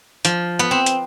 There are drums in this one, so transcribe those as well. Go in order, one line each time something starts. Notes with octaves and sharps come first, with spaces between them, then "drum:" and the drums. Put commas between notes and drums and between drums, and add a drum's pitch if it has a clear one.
F3, drum: hi-hat
B3
C4
drum: hi-hat